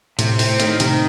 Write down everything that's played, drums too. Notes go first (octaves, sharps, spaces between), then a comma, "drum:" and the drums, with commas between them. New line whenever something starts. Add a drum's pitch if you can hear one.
A2 C3, drum: hi-hat
A2 C4, drum: open hi-hat
A2 D#3, drum: hi-hat
C3 D#3, drum: hi-hat